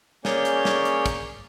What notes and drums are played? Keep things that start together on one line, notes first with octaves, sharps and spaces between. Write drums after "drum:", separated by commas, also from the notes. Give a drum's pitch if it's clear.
A#3 C#4 G#4 C#5 D5 G6, drum: snare
drum: hi-hat
drum: snare
drum: hi-hat
drum: kick, hi-hat